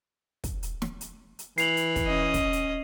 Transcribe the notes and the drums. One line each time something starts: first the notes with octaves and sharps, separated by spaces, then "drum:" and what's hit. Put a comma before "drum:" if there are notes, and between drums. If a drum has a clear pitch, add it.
drum: kick, hi-hat
drum: hi-hat
drum: snare
drum: hi-hat
drum: hi-hat
E3 C7 F7 F#7, drum: hi-hat
drum: hi-hat
drum: kick, hi-hat
C#4 D#5
drum: kick, hi-hat
drum: hi-hat